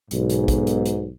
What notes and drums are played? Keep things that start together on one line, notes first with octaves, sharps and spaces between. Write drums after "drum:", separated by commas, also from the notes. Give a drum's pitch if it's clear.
B1 G#2, drum: hi-hat
drum: hi-hat
drum: kick, hi-hat
drum: hi-hat
drum: hi-hat